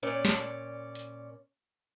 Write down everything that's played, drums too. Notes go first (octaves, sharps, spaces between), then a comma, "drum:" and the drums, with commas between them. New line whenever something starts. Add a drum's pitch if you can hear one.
A#2 C#4 D5
drum: snare
drum: hi-hat